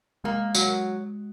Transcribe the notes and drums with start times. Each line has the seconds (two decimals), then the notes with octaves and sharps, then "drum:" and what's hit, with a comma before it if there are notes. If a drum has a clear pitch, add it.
0.24 G#3 A#3
0.55 F#3, drum: tambourine